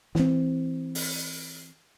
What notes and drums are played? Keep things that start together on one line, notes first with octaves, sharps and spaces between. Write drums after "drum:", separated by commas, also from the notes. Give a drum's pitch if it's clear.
E3 C4, drum: snare
drum: open hi-hat